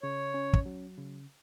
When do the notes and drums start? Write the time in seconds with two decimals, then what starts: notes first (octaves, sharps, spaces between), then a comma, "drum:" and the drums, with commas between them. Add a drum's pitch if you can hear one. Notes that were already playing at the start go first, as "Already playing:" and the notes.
0.02 C#3 C#5
0.34 C#4
0.53 drum: kick
0.66 F#3
0.98 C#3